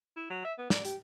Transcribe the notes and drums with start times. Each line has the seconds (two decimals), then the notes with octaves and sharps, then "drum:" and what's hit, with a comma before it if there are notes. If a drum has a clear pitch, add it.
0.17 E4
0.30 F#3
0.45 E5
0.59 B3
0.70 D5, drum: snare
0.85 G4, drum: hi-hat